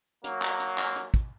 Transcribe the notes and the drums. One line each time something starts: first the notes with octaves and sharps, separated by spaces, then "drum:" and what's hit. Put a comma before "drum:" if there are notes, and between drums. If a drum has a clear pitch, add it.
F#3 A#3, drum: hi-hat
drum: clap
drum: hi-hat
drum: clap
drum: hi-hat
drum: kick